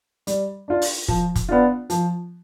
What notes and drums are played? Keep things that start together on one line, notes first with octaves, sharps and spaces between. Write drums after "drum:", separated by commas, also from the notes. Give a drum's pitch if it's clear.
G3, drum: hi-hat
D4 F4
drum: open hi-hat
F3, drum: kick
drum: kick, hi-hat
B3 D4 F4
F3, drum: hi-hat